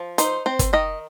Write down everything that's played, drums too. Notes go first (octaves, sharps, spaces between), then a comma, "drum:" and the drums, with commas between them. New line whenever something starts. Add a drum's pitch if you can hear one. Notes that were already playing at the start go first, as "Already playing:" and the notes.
Already playing: F3
D#4 C5, drum: hi-hat
C4 C5
drum: kick, hi-hat
D#3 D#5